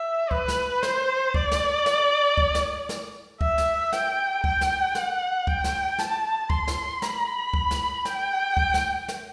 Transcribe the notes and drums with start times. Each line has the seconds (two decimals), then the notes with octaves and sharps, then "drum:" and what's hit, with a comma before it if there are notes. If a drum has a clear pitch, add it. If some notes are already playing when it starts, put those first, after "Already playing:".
Already playing: E5
0.31 B4, drum: kick C#2
0.48 drum: snare
0.83 C5, drum: snare
1.34 D5, drum: kick C#2
1.51 drum: snare
1.86 drum: snare
2.37 drum: kick C#2
2.55 drum: snare
2.89 drum: snare
3.41 E5, drum: kick C#2
3.58 drum: snare
3.92 G5, drum: snare
4.44 G5, drum: kick C#2
4.61 drum: snare
4.95 F#5, drum: snare
5.47 G5, drum: kick C#2
5.64 drum: snare
5.99 A5, drum: snare
6.50 C6, drum: kick C#2
6.68 drum: snare
7.02 B5, drum: snare
7.54 drum: kick C#2
7.71 drum: snare
8.05 G5, drum: snare
8.57 drum: kick C#2
8.74 drum: snare
9.08 drum: snare